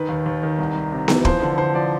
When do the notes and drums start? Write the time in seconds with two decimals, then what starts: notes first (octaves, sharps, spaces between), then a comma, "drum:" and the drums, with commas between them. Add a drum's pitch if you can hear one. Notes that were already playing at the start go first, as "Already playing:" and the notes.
Already playing: D#3 B4
0.09 D#2
0.26 D#2
0.43 D#3
0.58 C2
0.75 C2
0.92 C3
1.08 E3, drum: snare B3
1.25 F3 C5, drum: kick
1.42 D3
1.58 D3 C5
1.74 F3 D5